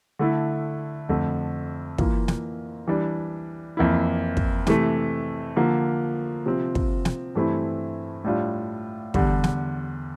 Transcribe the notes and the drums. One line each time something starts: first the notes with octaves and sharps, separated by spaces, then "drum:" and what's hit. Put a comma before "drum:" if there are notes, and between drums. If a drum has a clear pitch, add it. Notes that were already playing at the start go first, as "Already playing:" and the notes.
D3 A3 E4
F2 D3 A3
E3 A#3 F4, drum: kick
drum: snare
E3 G3 D4
F2 E3 A#3 E4
drum: kick
C3 E3 A3, drum: snare
D3 F3 A#3
C3 F3 C4
drum: kick
drum: snare
G2 E3 A3 C4 E4
A2 G3 D4 F4
E2 D3 G3, drum: kick
drum: snare